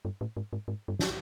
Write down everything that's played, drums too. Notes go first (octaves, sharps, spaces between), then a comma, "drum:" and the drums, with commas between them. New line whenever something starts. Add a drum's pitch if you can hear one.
G2
A2
G#2
G#2
G#2
G2
drum: snare